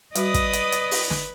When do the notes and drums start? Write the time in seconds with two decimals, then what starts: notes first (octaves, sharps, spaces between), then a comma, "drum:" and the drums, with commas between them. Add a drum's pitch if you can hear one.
0.15 G3 F#4 B4 D5 D#5 D#6, drum: hi-hat
0.34 drum: kick, hi-hat
0.53 drum: hi-hat
0.72 drum: hi-hat
0.91 drum: open hi-hat
1.10 drum: snare